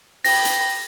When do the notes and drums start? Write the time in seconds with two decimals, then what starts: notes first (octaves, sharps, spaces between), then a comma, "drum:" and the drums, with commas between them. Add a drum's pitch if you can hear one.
0.24 G5 B5 A#6, drum: open hi-hat
0.45 drum: hi-hat